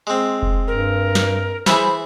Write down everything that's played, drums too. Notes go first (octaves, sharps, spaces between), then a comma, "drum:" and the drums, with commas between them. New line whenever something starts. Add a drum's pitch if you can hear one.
G#3 C4
drum: kick F1
G2 A#4
drum: snare
E3 E4 G#4 C5 E5 B5, drum: snare